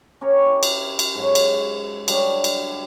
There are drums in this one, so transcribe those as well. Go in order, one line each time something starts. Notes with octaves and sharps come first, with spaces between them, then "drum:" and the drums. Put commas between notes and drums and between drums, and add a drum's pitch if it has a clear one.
C#4 G4 A#4 C#5
E4
drum: cymbal
drum: cymbal
G#2 F#3
drum: cymbal
D3 F#3 G3, drum: cymbal
drum: cymbal